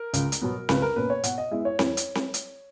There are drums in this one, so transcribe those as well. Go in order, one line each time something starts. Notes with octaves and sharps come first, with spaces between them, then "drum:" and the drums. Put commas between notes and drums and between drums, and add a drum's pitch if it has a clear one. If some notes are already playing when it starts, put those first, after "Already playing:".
Already playing: A#4
C#2, drum: hi-hat
drum: hi-hat
B2 F#3 B3
C#2 B4, drum: snare C4
A#4
B2 A#3 C#4 B4
C#5
B2 F#5, drum: hi-hat
D#5
G#3 B3 E4
C#5
E2 C#5, drum: snare C4
drum: hi-hat
drum: snare C4
drum: hi-hat